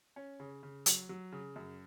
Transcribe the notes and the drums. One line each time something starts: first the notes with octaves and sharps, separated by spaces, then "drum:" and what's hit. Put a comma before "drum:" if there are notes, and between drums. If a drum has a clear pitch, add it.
C#4
C#3
C#3
F#3, drum: hi-hat
F#3
C#3
F#2